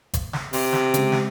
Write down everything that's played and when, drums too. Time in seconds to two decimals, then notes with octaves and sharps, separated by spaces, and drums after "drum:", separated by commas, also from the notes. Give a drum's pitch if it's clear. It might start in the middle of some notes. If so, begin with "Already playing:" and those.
0.14 drum: kick G#1, hi-hat
0.33 drum: snare
0.53 C3, drum: open hi-hat
0.73 drum: snare
0.94 C#3 G#3, drum: hi-hat
1.12 drum: snare